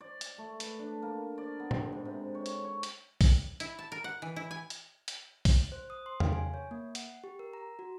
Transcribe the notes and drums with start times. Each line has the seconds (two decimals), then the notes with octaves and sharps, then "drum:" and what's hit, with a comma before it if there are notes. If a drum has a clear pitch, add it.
0.01 D5
0.21 drum: hi-hat
0.38 A3
0.60 B4, drum: hi-hat
0.79 D4
1.02 A#3
1.38 D5
1.59 B3
1.71 drum: tom A2
1.92 G#2
2.05 C3
2.35 C#5
2.46 drum: hi-hat
2.64 C#5
2.83 drum: hi-hat
3.21 drum: kick A#1, open hi-hat
3.60 E4, drum: hi-hat
3.79 A5
3.92 A#4
4.04 F#5
4.22 E3
4.36 E4
4.51 G#5
4.70 drum: hi-hat
5.08 drum: hi-hat
5.45 drum: kick A#1, open hi-hat
5.72 C5
5.90 D#6
6.06 C6
6.20 F5, drum: tom E2
6.33 G#5
6.54 C#5
6.71 A#3
6.95 F#5, drum: hi-hat
7.24 G4
7.39 A#4
7.53 A#5
7.79 F#4